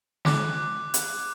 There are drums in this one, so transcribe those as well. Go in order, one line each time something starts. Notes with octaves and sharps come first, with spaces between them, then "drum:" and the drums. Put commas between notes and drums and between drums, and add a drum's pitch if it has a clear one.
D6 F#6, drum: snare
drum: hi-hat